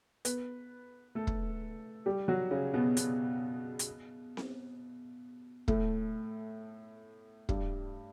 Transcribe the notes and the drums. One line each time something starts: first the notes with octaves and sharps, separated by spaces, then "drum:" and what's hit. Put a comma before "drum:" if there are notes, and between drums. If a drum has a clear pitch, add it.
B3 B4, drum: hi-hat
A3 A4
drum: kick
G3 G4
F#3 F#4
C#3 C#4
B2 B3
B2 B3, drum: hi-hat
drum: hi-hat
drum: snare C4
A2 A3, drum: kick
G2 G3, drum: kick